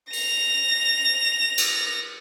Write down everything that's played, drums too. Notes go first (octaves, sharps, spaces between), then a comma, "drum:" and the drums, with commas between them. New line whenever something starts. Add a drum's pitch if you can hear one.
A#6 F7, drum: open hi-hat
drum: cymbal